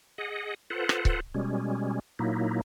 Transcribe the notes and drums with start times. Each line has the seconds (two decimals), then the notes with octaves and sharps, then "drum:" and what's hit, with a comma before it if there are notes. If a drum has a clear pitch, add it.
0.18 G#4 D#5 F#5
0.70 F4 A4 B4 C5 F#5
0.89 drum: rim click
1.05 drum: kick C#1
1.34 B2 G3 G#3 C#4
2.19 A#2 F#3 A#3 D#4 E4